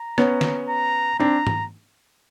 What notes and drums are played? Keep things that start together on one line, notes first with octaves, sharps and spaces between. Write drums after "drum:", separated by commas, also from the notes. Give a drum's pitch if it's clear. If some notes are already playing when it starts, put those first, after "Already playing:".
Already playing: A#5
B3 C#4, drum: rim click
drum: snare
A#5
C4 D4 A#5
drum: tom G#2